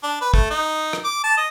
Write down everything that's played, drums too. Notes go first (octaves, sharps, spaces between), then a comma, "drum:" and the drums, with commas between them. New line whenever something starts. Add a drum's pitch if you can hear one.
D4
B4
A3, drum: kick
D#4
drum: rim click
D6
A5
D#5